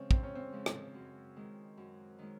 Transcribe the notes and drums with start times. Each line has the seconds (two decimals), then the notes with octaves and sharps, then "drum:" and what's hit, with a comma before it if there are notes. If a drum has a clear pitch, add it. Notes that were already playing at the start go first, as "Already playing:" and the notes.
Already playing: C#3 F3 G#3 C4 C#4
0.11 F2 C4, drum: kick
0.23 C#4
0.35 C4
0.52 C#3 F3 G#3
0.66 drum: rim click
0.94 F#2
1.36 D#3 G#3
1.77 F#2
2.19 D#3 G#3